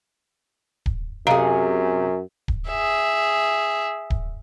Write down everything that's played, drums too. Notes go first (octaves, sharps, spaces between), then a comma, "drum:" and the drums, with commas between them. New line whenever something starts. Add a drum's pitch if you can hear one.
drum: kick D1
F#2 C3 G#4 D#5 F5 A#5
drum: kick D1
G#4 E5
drum: kick D1